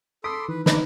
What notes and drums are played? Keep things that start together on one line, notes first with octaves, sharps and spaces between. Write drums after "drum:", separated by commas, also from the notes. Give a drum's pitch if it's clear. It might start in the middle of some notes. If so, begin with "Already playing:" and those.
A4 B5 C6 D6 D#6
D#3 E3 B4
D4 D#4 B4 A#5 B5, drum: snare